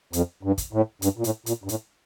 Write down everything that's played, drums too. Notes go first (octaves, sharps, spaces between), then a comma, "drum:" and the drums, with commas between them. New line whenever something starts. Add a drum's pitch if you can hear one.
F2, drum: hi-hat
G2
drum: kick, hi-hat
A2
G2, drum: hi-hat
A#2
A2, drum: hi-hat
A#2, drum: hi-hat
G2
A2, drum: hi-hat